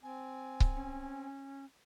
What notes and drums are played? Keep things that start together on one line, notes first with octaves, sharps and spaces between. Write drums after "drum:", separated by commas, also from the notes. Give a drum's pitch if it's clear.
C4 G#5
drum: kick C#1
C#4